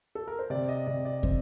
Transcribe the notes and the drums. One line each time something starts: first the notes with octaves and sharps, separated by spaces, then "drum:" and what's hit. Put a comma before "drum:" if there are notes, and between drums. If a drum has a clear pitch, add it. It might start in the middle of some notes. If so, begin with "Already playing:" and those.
A4
A#4
C5
C3 D5
D#5
C3 D5
D5
C4, drum: kick